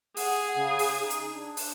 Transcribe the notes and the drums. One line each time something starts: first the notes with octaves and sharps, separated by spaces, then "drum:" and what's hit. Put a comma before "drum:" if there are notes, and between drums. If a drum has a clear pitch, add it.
G#4 F#5, drum: open hi-hat
C#3
drum: open hi-hat
D#4
drum: hi-hat
D4
drum: open hi-hat